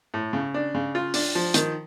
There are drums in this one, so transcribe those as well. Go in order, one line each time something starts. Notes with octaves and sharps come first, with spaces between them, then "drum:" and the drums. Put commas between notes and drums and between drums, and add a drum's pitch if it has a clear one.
A2
C#3
D4
C#3
F4
D4, drum: open hi-hat
F3
D#3, drum: hi-hat